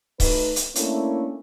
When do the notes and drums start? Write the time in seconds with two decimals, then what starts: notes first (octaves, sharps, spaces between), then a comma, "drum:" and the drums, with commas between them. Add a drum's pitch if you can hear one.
0.20 A3 D#4 B4, drum: kick C#1, open hi-hat
0.56 drum: hi-hat
0.75 A3 A#3 C#4 D4 E4, drum: hi-hat